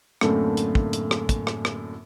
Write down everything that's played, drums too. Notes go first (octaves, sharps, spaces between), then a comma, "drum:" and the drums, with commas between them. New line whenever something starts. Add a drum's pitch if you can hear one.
F#2 A2 D3 A3 A#3 C4, drum: rim click
drum: hi-hat
drum: kick
drum: hi-hat
drum: rim click
drum: kick, hi-hat
drum: rim click
drum: rim click